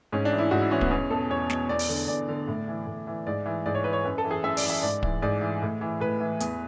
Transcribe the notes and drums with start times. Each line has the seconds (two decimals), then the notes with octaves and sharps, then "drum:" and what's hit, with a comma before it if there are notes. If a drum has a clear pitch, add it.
0.12 G#2 C#4
0.25 D4
0.32 E3
0.38 E4
0.51 G#2 F#4
0.61 E4
0.71 E3 C#4
0.81 B3, drum: kick
0.91 E2 C#4
1.10 B2 A4
1.30 E2 C#5
1.50 B2, drum: snare
1.69 E2 D5
1.79 drum: open hi-hat
1.89 D3
2.08 E2 D5
2.28 D3
2.48 A2
2.68 E3
2.86 A2
3.07 E3
3.27 G#2 D5
3.46 E3
3.66 G#2 D5
3.75 C#5
3.84 E3 B4
3.93 C#5
4.04 F#2 B4
4.18 A4
4.25 E3
4.31 G#4
4.44 F#2 E5
4.57 D5, drum: open hi-hat
4.63 E3
4.70 E5
4.83 G#2 D5
5.03 E3, drum: kick
5.22 G#2 D5
5.41 E3
5.62 A2
5.81 E3
6.00 A2 B4
6.20 E3
6.40 E2, drum: hi-hat